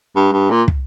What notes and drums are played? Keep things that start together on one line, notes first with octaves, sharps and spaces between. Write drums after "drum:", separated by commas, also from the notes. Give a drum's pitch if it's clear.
G2
G2
A#2
drum: kick